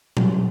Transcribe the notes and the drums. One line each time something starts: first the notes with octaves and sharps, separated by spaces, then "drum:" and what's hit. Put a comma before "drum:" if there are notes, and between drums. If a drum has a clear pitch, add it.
F#3, drum: tom A#2